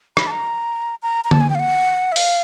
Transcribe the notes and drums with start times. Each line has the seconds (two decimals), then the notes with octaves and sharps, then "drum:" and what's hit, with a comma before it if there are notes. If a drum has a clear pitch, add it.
0.17 B5, drum: rim click
0.27 A5
0.31 A#5
1.03 A#5
1.25 A#5
1.31 A5, drum: tom D3
1.41 G#5
1.50 G5
1.55 F5
1.59 F#5
2.12 E5
2.16 F5, drum: open hi-hat